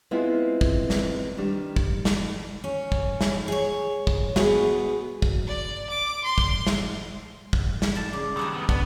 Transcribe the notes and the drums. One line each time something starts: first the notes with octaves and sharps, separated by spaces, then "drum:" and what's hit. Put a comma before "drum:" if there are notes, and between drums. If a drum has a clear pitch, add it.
G#3 B3 C4 E4 F4
drum: kick
drum: snare
D#3 G3 D4
drum: kick
drum: snare
C#4
drum: kick
drum: snare
G#4 C#5
drum: kick
B3 F#4 G#4 B4, drum: snare
drum: kick
D5
D6
C6
drum: kick
drum: snare
drum: kick
drum: snare
D5 A5
C#3 D5
D#3 F#3 G3 A4 F#5 A5
D#3 B3
B3 D4, drum: kick